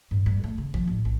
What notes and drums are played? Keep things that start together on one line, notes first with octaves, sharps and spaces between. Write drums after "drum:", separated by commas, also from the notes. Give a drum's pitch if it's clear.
G2
G2
A3
C#3
F3, drum: kick G1
A1
A#1